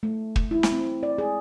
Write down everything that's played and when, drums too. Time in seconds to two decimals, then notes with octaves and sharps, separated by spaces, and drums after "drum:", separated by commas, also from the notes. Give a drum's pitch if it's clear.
0.03 A3
0.36 drum: kick
0.51 E4
0.63 drum: snare
0.72 C4
1.03 D5
1.18 G#4